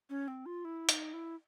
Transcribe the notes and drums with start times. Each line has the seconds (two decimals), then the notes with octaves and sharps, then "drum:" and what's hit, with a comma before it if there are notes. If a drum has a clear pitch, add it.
0.10 C#4
0.28 C4
0.46 F4
0.65 E4
0.89 D#4, drum: hi-hat
1.13 E4